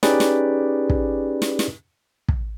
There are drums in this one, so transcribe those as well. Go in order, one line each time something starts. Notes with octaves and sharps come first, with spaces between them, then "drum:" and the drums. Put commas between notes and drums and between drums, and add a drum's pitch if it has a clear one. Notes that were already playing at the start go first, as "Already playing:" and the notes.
C#4 D#4 G4 G#4 B4 D5, drum: snare
drum: snare
drum: kick
drum: snare
drum: snare
drum: kick